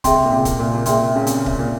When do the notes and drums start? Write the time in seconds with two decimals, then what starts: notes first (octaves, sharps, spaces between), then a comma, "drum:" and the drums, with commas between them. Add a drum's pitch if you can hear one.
0.04 C3 G#4 E5 G5 C6, drum: kick C#1, hi-hat
0.25 A#2
0.32 C3
0.45 drum: kick C#1, hi-hat
0.59 A#2
0.74 C3
0.86 A#2 G#4 E5 G5 C6, drum: hi-hat
1.16 C#3
1.27 C3, drum: hi-hat
1.46 drum: kick C#1
1.59 A#2